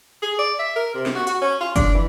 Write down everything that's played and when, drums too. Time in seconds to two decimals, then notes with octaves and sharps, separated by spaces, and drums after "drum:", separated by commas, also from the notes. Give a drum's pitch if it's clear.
0.22 G#4
0.39 D5
0.59 E5
0.76 A#4
0.95 C3
1.06 drum: snare
1.15 F#4
1.27 F#4, drum: hi-hat
1.42 C#4
1.61 F4
1.76 D4, drum: kick F#1, hi-hat
1.94 E3